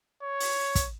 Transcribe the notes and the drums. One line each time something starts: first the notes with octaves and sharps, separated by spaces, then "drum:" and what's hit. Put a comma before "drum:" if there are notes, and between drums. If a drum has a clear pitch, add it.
C#5
drum: open hi-hat
drum: kick, hi-hat